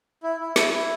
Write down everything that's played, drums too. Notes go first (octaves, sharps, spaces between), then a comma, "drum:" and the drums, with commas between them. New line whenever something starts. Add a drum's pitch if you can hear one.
E4
E4
E4, drum: snare
E4